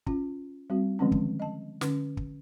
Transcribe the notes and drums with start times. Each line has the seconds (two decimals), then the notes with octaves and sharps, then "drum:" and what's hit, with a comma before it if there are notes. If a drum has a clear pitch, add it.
0.07 C#4 F4, drum: kick
0.70 G3 C4 F#4
0.99 D3 D#3 F3 G#3 C4 C#4
1.12 drum: kick
1.40 D#5 A5
1.81 D3 C#4, drum: snare
2.17 drum: kick